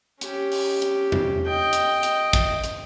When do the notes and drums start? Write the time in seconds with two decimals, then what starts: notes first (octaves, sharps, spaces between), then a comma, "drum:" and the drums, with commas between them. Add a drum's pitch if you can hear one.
0.21 C#4 G4, drum: hi-hat
0.52 drum: open hi-hat
0.82 drum: hi-hat
1.12 drum: tom E2
1.46 D#5 G5
1.73 drum: hi-hat
2.03 drum: hi-hat
2.33 drum: kick, hi-hat
2.64 drum: hi-hat